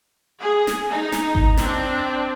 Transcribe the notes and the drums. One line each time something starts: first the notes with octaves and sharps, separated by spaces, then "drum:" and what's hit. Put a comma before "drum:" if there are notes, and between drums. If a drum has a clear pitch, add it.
G#4
drum: snare
D#4
drum: snare
drum: kick G#1
C4 D4, drum: snare